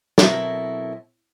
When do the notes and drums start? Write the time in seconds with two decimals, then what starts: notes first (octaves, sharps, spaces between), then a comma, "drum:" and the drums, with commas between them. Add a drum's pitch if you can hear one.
0.18 B2 F#3 C4 E4 A4 A#4, drum: snare